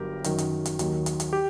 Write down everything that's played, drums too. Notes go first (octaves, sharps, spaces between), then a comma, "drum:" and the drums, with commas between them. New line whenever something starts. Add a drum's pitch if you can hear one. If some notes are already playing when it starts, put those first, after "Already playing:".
Already playing: G1 G2 F#3 G4 A#4
F#2 D#3 F#3, drum: hi-hat
drum: hi-hat
drum: hi-hat
D#2 D#3 F#3, drum: hi-hat
drum: hi-hat
drum: hi-hat
G4